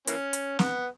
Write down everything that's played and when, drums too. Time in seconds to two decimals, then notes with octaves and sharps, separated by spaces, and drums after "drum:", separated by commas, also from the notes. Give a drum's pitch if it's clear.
0.07 E3 A#3 C#4, drum: hi-hat
0.33 drum: hi-hat
0.59 B3, drum: snare